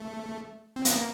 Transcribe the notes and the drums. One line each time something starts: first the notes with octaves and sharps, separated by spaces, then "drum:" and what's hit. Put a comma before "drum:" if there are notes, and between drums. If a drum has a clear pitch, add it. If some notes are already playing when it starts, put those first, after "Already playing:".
Already playing: A3
C4
B3, drum: hi-hat
A#3